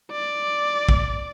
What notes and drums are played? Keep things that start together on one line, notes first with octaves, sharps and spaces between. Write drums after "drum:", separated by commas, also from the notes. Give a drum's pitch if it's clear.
D5
drum: kick